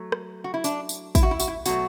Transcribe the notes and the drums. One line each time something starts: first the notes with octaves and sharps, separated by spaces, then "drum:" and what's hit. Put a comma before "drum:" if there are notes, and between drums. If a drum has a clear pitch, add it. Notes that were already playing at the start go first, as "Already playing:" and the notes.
Already playing: F#3 A3
drum: rim click
F#4
E4
D4, drum: tambourine
drum: tambourine
E4, drum: kick, tambourine
F#4
E4
F#4, drum: tambourine
E4
B2 F#3 A3 F#4, drum: tambourine